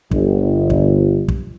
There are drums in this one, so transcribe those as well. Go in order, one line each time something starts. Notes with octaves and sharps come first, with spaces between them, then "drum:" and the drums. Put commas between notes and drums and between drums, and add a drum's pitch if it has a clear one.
G1, drum: kick
drum: kick
drum: kick